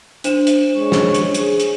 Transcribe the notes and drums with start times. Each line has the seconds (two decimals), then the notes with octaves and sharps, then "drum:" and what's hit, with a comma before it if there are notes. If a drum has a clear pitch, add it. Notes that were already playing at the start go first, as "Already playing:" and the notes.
0.24 D4 C5 E7, drum: hi-hat
0.47 drum: hi-hat
0.74 G#3 C#5
0.92 drum: snare
1.15 drum: hi-hat
1.34 G#4, drum: hi-hat
1.60 drum: hi-hat